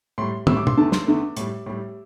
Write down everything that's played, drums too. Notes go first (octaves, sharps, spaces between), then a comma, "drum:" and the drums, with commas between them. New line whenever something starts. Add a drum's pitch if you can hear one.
A2 G3 C6
A2 G3 E6, drum: tom
D6
C6, drum: tom
E2 D3 A3 A5
C6, drum: snare
E2 D3 A3
A2 G3, drum: hi-hat
A2 G3